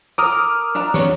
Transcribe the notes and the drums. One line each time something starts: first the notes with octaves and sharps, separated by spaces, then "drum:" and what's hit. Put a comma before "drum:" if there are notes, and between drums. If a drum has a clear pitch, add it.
A#4 D6 D#6 F6, drum: hi-hat
D4 A#5
C#5, drum: snare